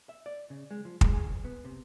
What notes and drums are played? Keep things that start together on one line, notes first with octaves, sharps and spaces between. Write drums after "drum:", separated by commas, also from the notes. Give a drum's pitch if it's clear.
E5
D5
C#3
G#3
F3
G#3, drum: kick
G#4
B1
B3
C3